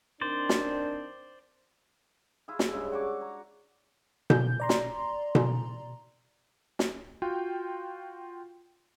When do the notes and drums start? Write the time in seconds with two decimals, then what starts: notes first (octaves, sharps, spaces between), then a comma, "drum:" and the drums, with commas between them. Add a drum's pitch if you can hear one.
0.21 D#3 C4 D4 C5 D5
0.49 drum: snare
2.48 E4 F4 G#4
2.59 drum: snare
2.72 G2 C#3 G#3 E4
2.92 F#4 C#6 D6
3.21 A#5
4.30 G6, drum: tom B2
4.60 D5 A#5 C6
4.69 drum: snare
5.35 drum: tom B2
6.79 drum: snare
7.22 F4 F#4 G5